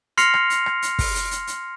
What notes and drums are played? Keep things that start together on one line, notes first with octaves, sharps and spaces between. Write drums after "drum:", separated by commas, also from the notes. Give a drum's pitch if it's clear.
C6 F6 A#6 C7 C#7 F7, drum: hi-hat
drum: rim click
drum: hi-hat
drum: rim click
drum: hi-hat
drum: kick, open hi-hat
drum: hi-hat
drum: hi-hat
drum: hi-hat